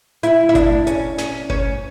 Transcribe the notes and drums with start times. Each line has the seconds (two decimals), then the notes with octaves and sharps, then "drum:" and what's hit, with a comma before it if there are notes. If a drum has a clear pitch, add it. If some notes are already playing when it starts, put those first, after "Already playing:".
0.23 E4, drum: hi-hat
0.49 E4
0.55 D4, drum: kick G1, hi-hat
0.87 C#4, drum: hi-hat
1.18 C#4, drum: snare
1.50 C#4, drum: kick G1